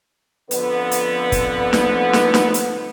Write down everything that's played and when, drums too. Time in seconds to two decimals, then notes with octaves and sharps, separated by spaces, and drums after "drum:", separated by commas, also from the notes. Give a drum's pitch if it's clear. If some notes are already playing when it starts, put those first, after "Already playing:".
0.51 F2 D3 B3 B4, drum: hi-hat
0.91 drum: hi-hat
1.32 drum: kick, hi-hat
1.73 drum: snare
2.13 drum: snare
2.34 drum: snare
2.54 drum: hi-hat